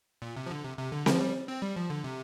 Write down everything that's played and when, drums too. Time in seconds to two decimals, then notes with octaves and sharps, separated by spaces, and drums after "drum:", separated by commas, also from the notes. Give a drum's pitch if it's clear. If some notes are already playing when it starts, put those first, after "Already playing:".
0.22 A#2
0.36 C3
0.46 F3
0.51 D3
0.64 C3
0.78 C3
0.92 D3
1.06 F3, drum: snare C4
1.21 G3
1.48 C4
1.62 G3
1.76 F3
1.90 D3
2.04 C3